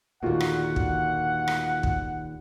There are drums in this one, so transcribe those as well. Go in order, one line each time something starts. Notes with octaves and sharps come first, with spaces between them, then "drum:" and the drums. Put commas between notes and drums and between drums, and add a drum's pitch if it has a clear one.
D#2 A#2 D3 F4 F#4 F#5
drum: rim click
drum: kick
drum: rim click
drum: kick